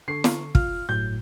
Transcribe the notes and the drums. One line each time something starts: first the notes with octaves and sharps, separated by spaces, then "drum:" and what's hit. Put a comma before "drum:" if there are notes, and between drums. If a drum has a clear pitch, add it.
D3 A4 C#6 C7
drum: snare
F4 F6, drum: kick
G1 A2 F#3 G6